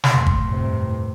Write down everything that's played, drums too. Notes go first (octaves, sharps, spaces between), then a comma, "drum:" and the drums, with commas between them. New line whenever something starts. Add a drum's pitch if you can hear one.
drum: snare
F2 A2 C6
drum: kick G1
G2 C3